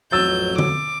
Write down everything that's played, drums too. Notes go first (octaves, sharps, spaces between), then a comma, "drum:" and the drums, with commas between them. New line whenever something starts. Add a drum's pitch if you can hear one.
A1 F2 F#3 E6 G6 A6
D6, drum: tom D3